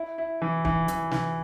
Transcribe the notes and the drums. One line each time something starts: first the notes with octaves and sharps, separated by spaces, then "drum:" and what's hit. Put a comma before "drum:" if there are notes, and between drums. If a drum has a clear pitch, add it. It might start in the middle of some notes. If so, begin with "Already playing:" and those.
Already playing: E4
E4
E3
E3, drum: kick
E3, drum: hi-hat
E3, drum: snare